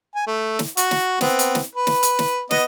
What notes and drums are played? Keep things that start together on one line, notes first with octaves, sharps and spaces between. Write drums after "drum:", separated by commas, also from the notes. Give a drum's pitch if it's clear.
G#5
A3
drum: snare
F#4, drum: hi-hat
drum: snare
B3 C4, drum: snare
drum: hi-hat
drum: snare
B4
drum: snare
drum: hi-hat
drum: snare
B3 D#5, drum: snare